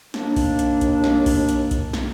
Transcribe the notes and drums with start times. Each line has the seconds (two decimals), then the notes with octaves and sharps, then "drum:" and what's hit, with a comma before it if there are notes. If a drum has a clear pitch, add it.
0.14 D#2 A#3 D4, drum: snare
0.36 drum: kick B1, open hi-hat
0.59 drum: hi-hat
0.81 drum: kick B1, hi-hat
1.04 drum: snare
1.26 drum: kick B1, open hi-hat
1.49 drum: hi-hat
1.71 drum: kick B1, hi-hat
1.93 drum: snare